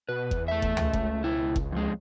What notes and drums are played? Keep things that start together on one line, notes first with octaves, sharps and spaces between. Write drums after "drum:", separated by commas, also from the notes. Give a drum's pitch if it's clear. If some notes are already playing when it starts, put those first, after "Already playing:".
B2 B4
E2, drum: kick F#1
A3 E5
drum: kick F#1
C#2, drum: tom D2
drum: kick F#1
B2 E4
drum: kick F#1
F2 G#3